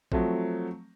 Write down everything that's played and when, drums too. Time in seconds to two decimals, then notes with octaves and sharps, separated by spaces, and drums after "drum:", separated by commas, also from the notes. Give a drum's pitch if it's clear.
0.12 F3 F#3 A3 C4, drum: kick A1